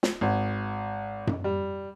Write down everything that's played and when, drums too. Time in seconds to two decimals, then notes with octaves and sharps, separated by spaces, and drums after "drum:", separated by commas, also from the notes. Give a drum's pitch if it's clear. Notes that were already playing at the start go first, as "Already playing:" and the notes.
0.03 drum: snare
0.21 G#1
1.27 drum: tom F#2
1.44 G3